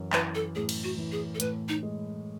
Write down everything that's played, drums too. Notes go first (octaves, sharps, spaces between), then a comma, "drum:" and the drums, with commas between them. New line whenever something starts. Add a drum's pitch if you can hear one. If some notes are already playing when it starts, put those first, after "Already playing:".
Already playing: F#2 E3
E3 B4, drum: clap
A4
A2 G#4
drum: cymbal
F#4
E3
G#4
A4
A2 B4, drum: hi-hat
D#4
G#3